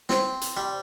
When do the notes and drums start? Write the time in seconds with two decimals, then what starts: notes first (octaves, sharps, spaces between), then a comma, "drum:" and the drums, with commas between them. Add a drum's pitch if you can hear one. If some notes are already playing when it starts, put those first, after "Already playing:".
0.09 C4, drum: snare
0.41 drum: hi-hat
0.57 G3